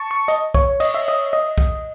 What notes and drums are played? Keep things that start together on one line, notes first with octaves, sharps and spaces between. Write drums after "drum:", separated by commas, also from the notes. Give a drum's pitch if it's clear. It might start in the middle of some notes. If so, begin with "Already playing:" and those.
Already playing: A5 C#6
C#6
D#5, drum: hi-hat
C#5, drum: kick
D#5, drum: cymbal
E5
D#5
D#5
drum: kick